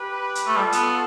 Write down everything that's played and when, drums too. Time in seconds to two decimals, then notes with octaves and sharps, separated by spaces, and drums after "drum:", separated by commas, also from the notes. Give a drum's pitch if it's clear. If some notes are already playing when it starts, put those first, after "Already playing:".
Already playing: G4 B4
0.35 drum: hi-hat
0.47 A3
0.55 G3 F4 A4
0.72 B3, drum: hi-hat